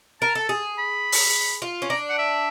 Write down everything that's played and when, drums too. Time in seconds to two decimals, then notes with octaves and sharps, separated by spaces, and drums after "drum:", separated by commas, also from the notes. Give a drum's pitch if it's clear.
0.22 A#4 A5
0.35 A4
0.49 G#4
0.78 B5
1.12 drum: open hi-hat
1.62 F4
1.82 C#4
1.90 D4 A#5
2.09 F#5
2.18 E5